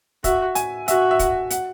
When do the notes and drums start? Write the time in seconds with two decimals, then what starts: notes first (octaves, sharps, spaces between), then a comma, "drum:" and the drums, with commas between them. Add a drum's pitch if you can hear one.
0.24 F#4 E5, drum: kick, hi-hat
0.55 G#5, drum: hi-hat
0.88 F#4 E5, drum: hi-hat
1.11 E5
1.19 F#5, drum: kick, hi-hat
1.50 F#5, drum: hi-hat